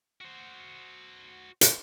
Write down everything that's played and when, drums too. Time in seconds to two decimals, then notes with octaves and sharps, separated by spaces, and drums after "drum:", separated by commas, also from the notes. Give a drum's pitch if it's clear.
0.21 F#4 C5
1.61 drum: hi-hat